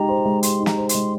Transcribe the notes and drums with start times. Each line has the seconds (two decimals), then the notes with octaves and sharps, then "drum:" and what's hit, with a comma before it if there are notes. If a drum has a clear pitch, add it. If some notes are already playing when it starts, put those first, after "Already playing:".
Already playing: G#3 D#4 G4 A#5
0.09 C5
0.25 G#3
0.43 G4 C6, drum: hi-hat
0.60 D#4
0.66 A#5, drum: snare
0.77 C5
0.89 C6, drum: hi-hat
0.95 G#3